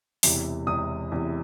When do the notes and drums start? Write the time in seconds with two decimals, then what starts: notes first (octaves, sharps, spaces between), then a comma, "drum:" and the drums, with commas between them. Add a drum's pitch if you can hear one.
0.23 E1 E2 C3 E3, drum: open hi-hat
0.66 E1 E2 C3 E3 D#6
1.11 E1 E2 C3 E3